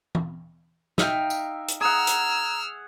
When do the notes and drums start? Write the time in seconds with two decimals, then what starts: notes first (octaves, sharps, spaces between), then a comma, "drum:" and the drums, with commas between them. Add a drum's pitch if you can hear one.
0.15 drum: tom
0.98 D#4 E5 F5 G5, drum: snare
1.30 drum: tambourine
1.68 drum: hi-hat
1.81 G#4 F#5 A#5 E6 F6
2.07 drum: hi-hat